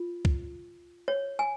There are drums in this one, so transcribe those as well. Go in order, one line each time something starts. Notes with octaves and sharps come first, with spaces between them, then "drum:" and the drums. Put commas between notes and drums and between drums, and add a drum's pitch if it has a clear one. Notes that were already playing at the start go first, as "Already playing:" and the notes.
Already playing: F4
drum: kick
C#5
G#5